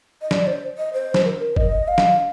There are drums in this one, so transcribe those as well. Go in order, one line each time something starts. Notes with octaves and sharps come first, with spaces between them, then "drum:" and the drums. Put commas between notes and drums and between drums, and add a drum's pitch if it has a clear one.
D#5
D5, drum: snare
C5
D#5
C5
drum: snare
A#4
D#5, drum: kick F#1
F5
drum: snare